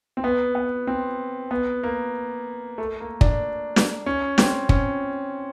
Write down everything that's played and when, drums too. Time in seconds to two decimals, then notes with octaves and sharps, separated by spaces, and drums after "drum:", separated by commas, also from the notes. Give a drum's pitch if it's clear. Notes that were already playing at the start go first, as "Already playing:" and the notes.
0.17 C4
0.24 B3
0.55 B3
0.87 C4
1.51 B3
1.84 A#3
2.78 A3
3.00 A#3
3.21 D4, drum: kick
3.76 drum: snare
4.06 C#4
4.38 C4, drum: snare
4.69 C#4, drum: kick